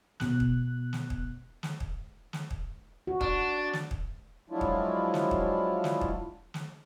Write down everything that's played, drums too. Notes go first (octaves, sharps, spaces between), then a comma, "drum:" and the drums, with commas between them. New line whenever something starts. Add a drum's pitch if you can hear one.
B2 F#6, drum: snare
drum: kick
drum: snare
drum: kick
drum: snare
drum: kick
drum: snare
drum: kick
F#4
D4, drum: kick
drum: snare
drum: kick
F3 F#3 G#3 D4 E4 F4
drum: kick
drum: snare
drum: kick
drum: snare
drum: kick
drum: snare